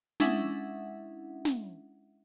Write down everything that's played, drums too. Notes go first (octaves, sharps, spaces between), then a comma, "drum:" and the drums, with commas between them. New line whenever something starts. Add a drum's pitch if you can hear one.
G#3 C#4 D4 E4 E5 F#5, drum: snare
drum: snare